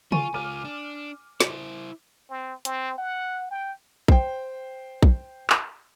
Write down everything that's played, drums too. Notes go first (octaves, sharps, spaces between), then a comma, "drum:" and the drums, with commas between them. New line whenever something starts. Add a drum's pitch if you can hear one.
F4 G#5 C#6, drum: tom C#3
C#2 F4 D6 F6 D#7
D4
E4 C5, drum: snare
C4
C4, drum: hi-hat
F#5
G5
C5 G5, drum: kick A#1
drum: kick A#1
drum: clap